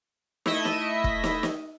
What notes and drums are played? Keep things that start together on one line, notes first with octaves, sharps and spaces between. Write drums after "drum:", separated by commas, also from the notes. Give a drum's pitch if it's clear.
A3 E4 D#5 E5, drum: snare
drum: snare
drum: kick
drum: snare
drum: snare